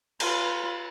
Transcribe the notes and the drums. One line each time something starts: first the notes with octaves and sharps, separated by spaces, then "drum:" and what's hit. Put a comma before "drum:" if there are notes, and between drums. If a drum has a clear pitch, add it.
F4 B4, drum: cymbal